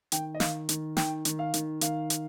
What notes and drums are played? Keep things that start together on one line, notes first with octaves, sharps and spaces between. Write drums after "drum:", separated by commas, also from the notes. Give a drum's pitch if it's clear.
D#3 G5, drum: hi-hat
D#5
D#3 F5, drum: snare
D#3, drum: hi-hat
D#3 G5, drum: snare
D#3, drum: hi-hat
F5
D#3, drum: hi-hat
D#3 F5, drum: hi-hat
drum: hi-hat